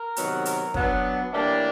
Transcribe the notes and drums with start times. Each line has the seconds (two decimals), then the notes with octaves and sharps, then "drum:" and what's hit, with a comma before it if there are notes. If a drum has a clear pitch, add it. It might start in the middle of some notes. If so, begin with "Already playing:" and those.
Already playing: A#4
0.16 C3 D#3 F#3 B3, drum: hi-hat
0.45 A#4, drum: hi-hat
0.74 F#3 B3 D4, drum: kick
1.32 A2 E3 G3 A#3 D4